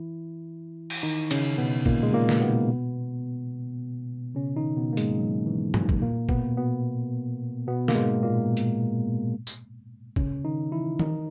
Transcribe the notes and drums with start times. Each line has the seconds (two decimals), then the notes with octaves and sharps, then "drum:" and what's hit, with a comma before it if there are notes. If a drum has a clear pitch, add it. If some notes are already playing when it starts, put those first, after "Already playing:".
Already playing: E3 E4
0.90 drum: cymbal
1.03 D#3 D#4
1.31 C#3 C#4, drum: cymbal
1.58 B2 B3
1.86 A#2 A#3, drum: kick
2.03 G#3
2.13 A#2 A#3
2.29 drum: snare
2.41 B2 B3
4.35 C#3 C#4
4.56 D#3 D#4
4.77 B2 B3
4.93 A#3
4.97 G#2 G#3, drum: hi-hat
5.19 F#3
5.46 E3
5.74 F#3, drum: tom
5.89 drum: kick
6.02 A#2 A#3
6.29 B2 B3, drum: kick
6.57 B2 B3
7.67 B2 B3
7.88 A#3, drum: snare
7.95 G#2 G#3
8.23 A#2 A#3
8.57 drum: hi-hat
9.47 drum: tambourine
10.16 C#3 C#4, drum: kick
10.45 D#3 D#4
10.72 E3 E4
10.99 D#3 D#4, drum: tom E3